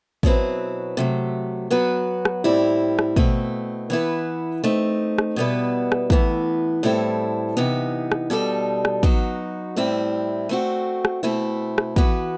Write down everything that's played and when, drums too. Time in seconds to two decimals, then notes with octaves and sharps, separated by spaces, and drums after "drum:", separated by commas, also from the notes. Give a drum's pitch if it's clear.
0.23 B2 F#3 C4 E4 B4, drum: kick
0.97 C3 F#3 A3
1.70 F#3 B3 F#4 B4
2.25 drum: rim click
2.44 A2 G3 C4 E4
2.99 drum: rim click
3.16 B2 A3 C4, drum: kick
3.90 E3 B3 E4 B4
4.64 A3 C4 D#4
5.18 drum: rim click
5.36 B2 G3 B3 E4 B4
5.92 drum: rim click
6.10 A2 E3 B3, drum: kick
6.83 A2 G3 C4 E4 A4
7.57 C3 E3 B3 D#4
8.12 drum: rim click
8.30 B2 G3 D#4 A4
8.85 drum: rim click
9.03 F#3 B3 D#4 F#4, drum: kick
9.76 A2 G3 C4 E4
10.49 A3 C4 F#4
11.05 drum: rim click
11.23 B2 A3 C4 E4
11.78 drum: rim click
11.96 E3 B3 F#4 B4, drum: kick